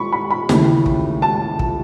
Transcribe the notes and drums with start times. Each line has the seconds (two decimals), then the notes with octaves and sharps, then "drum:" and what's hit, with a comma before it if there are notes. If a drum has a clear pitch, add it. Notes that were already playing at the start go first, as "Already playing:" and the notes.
Already playing: B5 C#6
0.12 B5
0.31 B5
0.49 D#2 C#3 E3 A3, drum: snare
0.86 drum: kick
1.22 A5
1.59 drum: kick